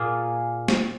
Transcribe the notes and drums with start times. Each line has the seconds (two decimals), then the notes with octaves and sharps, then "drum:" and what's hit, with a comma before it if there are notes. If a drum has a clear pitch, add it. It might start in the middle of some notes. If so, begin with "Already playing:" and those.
Already playing: A#2 A#3 F4 G#4
0.68 drum: snare